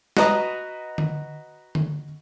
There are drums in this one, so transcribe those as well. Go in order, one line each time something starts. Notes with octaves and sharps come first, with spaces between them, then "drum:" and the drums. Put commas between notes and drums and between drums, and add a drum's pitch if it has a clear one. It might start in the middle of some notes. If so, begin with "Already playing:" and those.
F#4 B4 D#5 A#5 D#6, drum: snare
drum: tom D3
drum: tom D3